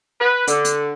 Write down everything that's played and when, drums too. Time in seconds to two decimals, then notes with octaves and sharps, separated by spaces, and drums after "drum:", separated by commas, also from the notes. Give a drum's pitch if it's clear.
0.20 B4
0.47 D3, drum: hi-hat
0.65 drum: hi-hat